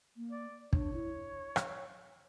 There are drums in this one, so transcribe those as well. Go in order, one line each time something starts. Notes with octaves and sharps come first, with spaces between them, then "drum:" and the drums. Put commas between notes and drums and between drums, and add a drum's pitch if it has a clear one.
A#3
D5
D4 C#5, drum: kick
E4
drum: rim click